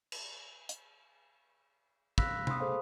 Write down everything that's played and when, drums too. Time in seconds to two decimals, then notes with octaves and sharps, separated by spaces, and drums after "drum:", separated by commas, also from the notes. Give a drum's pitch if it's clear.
0.12 drum: cymbal
0.69 drum: hi-hat
2.18 F5 B5 E6 F#6 A#6 B6, drum: kick
2.47 B5 C6 D#6, drum: tom C3
2.60 G#4 A4 C5 F5